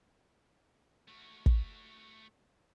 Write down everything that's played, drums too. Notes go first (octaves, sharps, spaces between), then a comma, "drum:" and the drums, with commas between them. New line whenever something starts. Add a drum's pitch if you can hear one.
A3 F#4
drum: kick